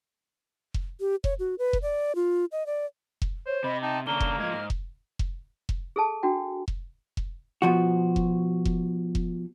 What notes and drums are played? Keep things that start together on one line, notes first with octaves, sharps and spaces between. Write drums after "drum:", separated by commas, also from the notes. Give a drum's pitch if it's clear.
drum: kick F1
G4
C#5, drum: kick F1
F#4
B4
drum: kick F1
D5
F4
D#5
D5
drum: kick F1
C5 C#5
C3 D#5 B5
D#4 G5 A5
C#3 A#3 D4 A#5 G7
drum: kick F1
G#2 F3 D#5 G#6
G#2 F6
drum: kick F1
drum: kick F1
drum: kick F1
G#4 A4 A5
D4 F#4 G5
drum: kick F1
drum: kick F1
B2 F3 F#4
drum: kick F1
drum: kick F1
drum: kick F1